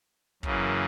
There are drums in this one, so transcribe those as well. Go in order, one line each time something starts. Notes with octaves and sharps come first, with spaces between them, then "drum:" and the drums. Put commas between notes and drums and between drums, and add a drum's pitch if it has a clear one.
F#2 C#3 E3 A#3, drum: kick